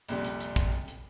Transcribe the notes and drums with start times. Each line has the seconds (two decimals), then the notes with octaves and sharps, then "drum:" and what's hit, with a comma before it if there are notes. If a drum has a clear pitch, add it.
0.09 A#1 F2 C3 G3, drum: hi-hat
0.24 drum: hi-hat
0.40 drum: hi-hat
0.56 drum: kick, hi-hat
0.72 drum: hi-hat
0.88 drum: hi-hat